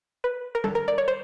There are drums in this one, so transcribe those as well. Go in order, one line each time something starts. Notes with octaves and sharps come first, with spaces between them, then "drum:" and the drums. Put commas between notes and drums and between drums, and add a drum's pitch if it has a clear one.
B4
A#4
A4, drum: tom G3
A#4
D5
C#5
C5